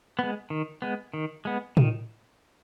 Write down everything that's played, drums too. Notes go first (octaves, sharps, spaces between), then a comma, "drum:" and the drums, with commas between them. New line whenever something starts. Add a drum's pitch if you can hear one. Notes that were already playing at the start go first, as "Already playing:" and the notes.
G#3 B3
D#3
G#3 B3
D#3
G#3 B3
D#3, drum: tom A2